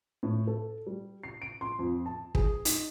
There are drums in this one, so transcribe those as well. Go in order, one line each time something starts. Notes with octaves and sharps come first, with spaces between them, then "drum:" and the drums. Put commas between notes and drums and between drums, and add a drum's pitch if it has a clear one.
A2
A4
G3
C7
D7
C6
F2
A5
G#4, drum: kick
D#4, drum: hi-hat